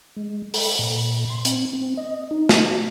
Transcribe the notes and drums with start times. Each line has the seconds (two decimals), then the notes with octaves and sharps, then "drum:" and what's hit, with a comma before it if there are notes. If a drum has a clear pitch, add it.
0.17 G#3
0.54 A4, drum: open hi-hat
0.79 A#2
1.28 C6
1.45 C4, drum: hi-hat
1.73 C4
1.97 D#5
2.31 D#4
2.49 D#5, drum: snare
2.68 F#4